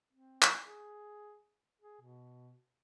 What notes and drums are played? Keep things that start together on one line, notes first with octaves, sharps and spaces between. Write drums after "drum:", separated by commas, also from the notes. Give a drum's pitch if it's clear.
C4
drum: clap
G#4
G#4
B2